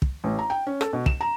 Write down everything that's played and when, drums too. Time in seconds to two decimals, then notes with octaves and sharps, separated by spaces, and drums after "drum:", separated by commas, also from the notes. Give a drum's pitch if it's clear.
0.02 drum: kick
0.24 A1
0.39 A#5
0.50 G5
0.67 C#4
0.81 A4, drum: rim click
0.93 B2
1.06 E7, drum: kick
1.21 A#5